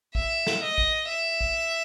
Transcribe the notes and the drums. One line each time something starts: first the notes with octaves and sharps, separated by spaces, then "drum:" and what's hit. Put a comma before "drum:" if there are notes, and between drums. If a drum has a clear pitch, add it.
E5, drum: kick A1
drum: snare
D#5
drum: kick A1
E5
drum: kick A1